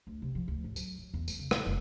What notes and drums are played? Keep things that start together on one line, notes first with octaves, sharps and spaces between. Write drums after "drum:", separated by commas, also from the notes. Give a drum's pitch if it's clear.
D2
C3
F3
D2
A1
F#3, drum: tambourine
F#2
E2
G#3, drum: tambourine
C#3
A#2, drum: rim click
F1